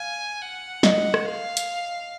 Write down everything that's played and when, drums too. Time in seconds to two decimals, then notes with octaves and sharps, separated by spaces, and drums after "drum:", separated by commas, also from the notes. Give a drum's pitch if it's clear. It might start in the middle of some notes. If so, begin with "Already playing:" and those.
Already playing: F5 G#5
0.42 F#5
0.83 D#5, drum: snare
1.14 drum: rim click
1.25 F5
1.57 drum: hi-hat